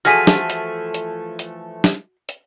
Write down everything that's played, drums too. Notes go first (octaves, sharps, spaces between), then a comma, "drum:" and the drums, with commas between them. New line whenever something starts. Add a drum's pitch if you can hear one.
E3 F3 A3 F#4 G#4 F6 B6 D#7
drum: snare
drum: hi-hat
drum: hi-hat
drum: hi-hat
drum: snare
drum: hi-hat